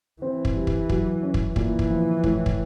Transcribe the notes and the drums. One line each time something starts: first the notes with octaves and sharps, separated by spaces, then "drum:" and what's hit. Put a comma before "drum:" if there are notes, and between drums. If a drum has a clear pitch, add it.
E3 C4
drum: kick
G3
drum: kick
F#3, drum: kick
C#4
drum: kick
A#2 E3, drum: kick
drum: kick
F3
A2, drum: kick
drum: kick